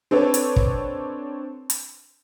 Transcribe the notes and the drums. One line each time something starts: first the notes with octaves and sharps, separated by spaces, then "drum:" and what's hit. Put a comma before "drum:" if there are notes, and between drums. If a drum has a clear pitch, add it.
C4 D4 A4 B4 C#5
drum: hi-hat
drum: kick
drum: hi-hat